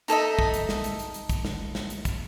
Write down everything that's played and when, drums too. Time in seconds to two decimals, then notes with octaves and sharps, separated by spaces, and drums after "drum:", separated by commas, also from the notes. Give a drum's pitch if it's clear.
0.08 D#4 A4 D#5 E5, drum: hi-hat
0.39 drum: kick
0.54 drum: hi-hat
0.69 drum: snare
0.84 drum: hi-hat
0.99 drum: hi-hat
1.14 drum: hi-hat
1.29 drum: kick, hi-hat
1.45 drum: snare
1.75 drum: snare
1.90 drum: hi-hat
2.05 drum: kick, hi-hat